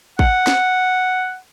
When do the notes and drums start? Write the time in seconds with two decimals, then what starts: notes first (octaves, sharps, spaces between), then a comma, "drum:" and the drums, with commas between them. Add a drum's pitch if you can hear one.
0.19 F#5, drum: kick
0.47 drum: snare